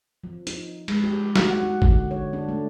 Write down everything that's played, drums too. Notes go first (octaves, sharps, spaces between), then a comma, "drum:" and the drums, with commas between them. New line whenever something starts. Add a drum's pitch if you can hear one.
F3
D#4, drum: hi-hat
G#3, drum: cymbal
G4
F#4, drum: snare
F#5
D#4
D3, drum: kick
C#5
D4
A3